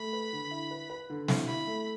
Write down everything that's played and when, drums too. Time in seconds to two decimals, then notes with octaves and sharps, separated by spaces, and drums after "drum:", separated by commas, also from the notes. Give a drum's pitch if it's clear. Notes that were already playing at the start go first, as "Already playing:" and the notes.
Already playing: A3 B5
0.13 B4
0.33 D3
0.51 E4
0.71 B4
0.90 B4
1.10 D3
1.28 E4, drum: snare
1.47 E4 B5
1.67 A3